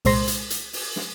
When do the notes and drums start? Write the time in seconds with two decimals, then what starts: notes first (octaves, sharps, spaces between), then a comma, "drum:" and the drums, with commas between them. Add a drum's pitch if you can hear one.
0.05 C2 A#2 G#3 C5 C6 A#6, drum: open hi-hat
0.28 drum: hi-hat
0.50 drum: hi-hat
0.73 drum: open hi-hat
0.96 drum: snare